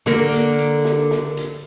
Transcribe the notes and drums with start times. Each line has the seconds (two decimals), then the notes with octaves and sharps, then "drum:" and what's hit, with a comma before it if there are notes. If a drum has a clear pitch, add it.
0.06 D3 A#3 A#4, drum: snare
0.32 drum: hi-hat
0.58 drum: hi-hat
0.85 drum: snare
1.11 drum: snare
1.37 drum: hi-hat